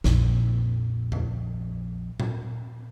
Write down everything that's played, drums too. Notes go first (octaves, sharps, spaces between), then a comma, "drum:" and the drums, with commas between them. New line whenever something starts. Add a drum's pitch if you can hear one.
A#1 F2, drum: snare
drum: tom E2
drum: tom A#2